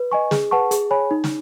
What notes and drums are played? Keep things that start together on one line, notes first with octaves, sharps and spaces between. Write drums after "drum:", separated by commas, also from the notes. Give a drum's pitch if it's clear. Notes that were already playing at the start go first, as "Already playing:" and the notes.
Already playing: B4
D#5 G#5 C#6
G#4, drum: snare
B4 F#5 A5 C#6
G#4, drum: hi-hat
C#5 G#5 B5
D#4
drum: snare